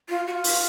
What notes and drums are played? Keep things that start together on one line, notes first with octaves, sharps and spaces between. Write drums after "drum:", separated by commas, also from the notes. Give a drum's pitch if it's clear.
F4
F#4
F4
drum: open hi-hat